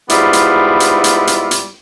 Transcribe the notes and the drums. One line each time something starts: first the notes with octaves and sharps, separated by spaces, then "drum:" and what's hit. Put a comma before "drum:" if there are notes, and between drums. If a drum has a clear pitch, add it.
G#2 G3 B3 E4 F4, drum: hi-hat
drum: hi-hat
drum: hi-hat
drum: hi-hat
drum: hi-hat
drum: hi-hat